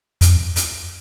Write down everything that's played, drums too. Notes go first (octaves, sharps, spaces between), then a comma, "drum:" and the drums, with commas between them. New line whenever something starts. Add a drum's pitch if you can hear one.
F2, drum: hi-hat
drum: hi-hat